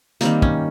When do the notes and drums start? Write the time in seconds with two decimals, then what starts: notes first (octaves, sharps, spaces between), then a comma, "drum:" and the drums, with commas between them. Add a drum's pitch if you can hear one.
0.21 D#3 G3 A#3 C4, drum: hi-hat
0.42 C#4, drum: kick